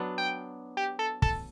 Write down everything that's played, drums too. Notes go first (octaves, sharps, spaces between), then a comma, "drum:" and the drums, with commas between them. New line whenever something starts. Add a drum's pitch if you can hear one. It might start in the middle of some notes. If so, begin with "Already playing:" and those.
Already playing: F#3 B3 D4
G5
G4
A4
A4, drum: kick